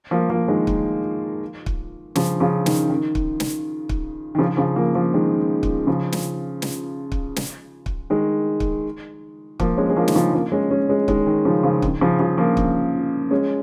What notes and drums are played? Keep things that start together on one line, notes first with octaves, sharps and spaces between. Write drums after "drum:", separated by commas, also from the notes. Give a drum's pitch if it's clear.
F3 A#3
F3 A#3
D#3 G#3
drum: kick
drum: kick
C#3 F3, drum: snare
C#3 F3
D#3, drum: snare
D#3
drum: kick
drum: snare
drum: kick
D#3
C#3 F3
C#3 F3
F3 A#3
F3 A#3
D#3 G#3
drum: kick
C#3 F3
drum: snare
drum: snare
drum: kick
drum: snare
drum: kick
D#3 G#3
drum: kick
F3 A#3, drum: kick
G#3 C#4
G#3
F3 A#3
D#3, drum: snare
C#3 F3
F3 A#3
G#3 C#4
G#3 C#4
G#3 C#4
D#3 G#3, drum: kick
D#3
C#3 F3
C#3 F3
D#3, drum: kick
C#3 F3
C#3 F3
F3 A#3
drum: kick
G#3 C#4